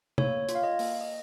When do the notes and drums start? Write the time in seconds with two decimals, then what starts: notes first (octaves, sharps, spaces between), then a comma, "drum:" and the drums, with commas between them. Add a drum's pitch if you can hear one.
0.18 A#3 C#5, drum: tom C3
0.49 F4, drum: hi-hat
0.55 F5
0.63 D#5
0.79 A#3, drum: open hi-hat
1.01 D#5